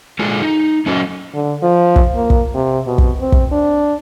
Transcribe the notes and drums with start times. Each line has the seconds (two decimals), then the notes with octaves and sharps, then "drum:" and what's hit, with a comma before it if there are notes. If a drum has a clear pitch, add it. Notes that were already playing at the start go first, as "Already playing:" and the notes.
0.19 G#3 F4 G#4 A4
0.42 D#4
0.86 F#3 C#4 F#4 A4 D#5
1.34 D3
1.62 F3
1.96 drum: kick
2.15 A#3
2.30 drum: kick
2.55 C3
2.87 B2
2.98 drum: kick
3.21 C4
3.32 drum: kick
3.52 D4